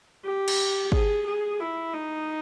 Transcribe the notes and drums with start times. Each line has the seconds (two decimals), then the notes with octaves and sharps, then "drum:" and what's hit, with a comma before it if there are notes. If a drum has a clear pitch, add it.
0.25 G4
0.48 drum: cymbal
0.92 G#4, drum: kick
1.26 G#4
1.60 E4
1.94 D#4